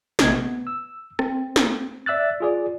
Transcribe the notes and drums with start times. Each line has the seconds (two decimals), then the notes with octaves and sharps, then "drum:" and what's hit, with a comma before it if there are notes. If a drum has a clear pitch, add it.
0.19 A#1 C3 A3 D#5 G#6, drum: snare
0.31 B3
0.67 E6
1.19 C4, drum: rim click
1.56 drum: snare
2.06 D5 E5 E6 F#6 A6
2.40 F4 G#4 D5